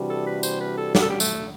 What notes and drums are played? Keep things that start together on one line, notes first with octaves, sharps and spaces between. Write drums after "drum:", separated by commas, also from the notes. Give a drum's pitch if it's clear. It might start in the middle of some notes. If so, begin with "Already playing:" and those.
Already playing: C3 E3 G3 D4 F#4
A4
B4
C5, drum: tambourine
B4
A4
G4, drum: snare
A4
G4
A3, drum: tambourine